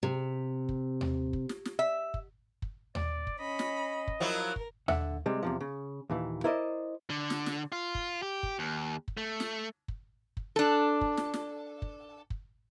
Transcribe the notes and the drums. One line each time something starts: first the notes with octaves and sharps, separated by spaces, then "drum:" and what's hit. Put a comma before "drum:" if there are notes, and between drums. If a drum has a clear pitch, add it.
C3
drum: kick
drum: tom D#2
drum: kick
drum: snare
drum: snare
E5
drum: kick
drum: kick
D5, drum: tom D#2
drum: kick
C#4 D#5 B5
drum: snare
drum: kick
F3 F#3 E4 A#4
drum: kick
D3 E5 F#5, drum: tom D#2
C3 G3 G#3
E2 C3 F3
C#3
D#2 A#2 E3
E4 A#4 C5 D5 D#5
D3
drum: snare
drum: snare
F4
drum: kick
G4
drum: kick
D#2
drum: kick
A3
drum: snare
drum: kick
drum: kick
D4 A4
drum: kick
drum: snare
drum: snare
drum: kick
drum: kick